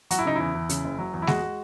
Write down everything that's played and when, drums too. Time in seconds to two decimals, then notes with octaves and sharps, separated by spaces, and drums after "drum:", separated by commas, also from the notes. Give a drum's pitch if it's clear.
0.11 F#3 F#4, drum: hi-hat
0.19 E4
0.25 C#3 D#4
0.35 E2 E4
0.54 E2
0.69 C#3, drum: hi-hat
0.84 F#1
0.99 F#3
1.13 E2
1.22 E4
1.27 G#3 F#4, drum: snare G#3
1.42 G#3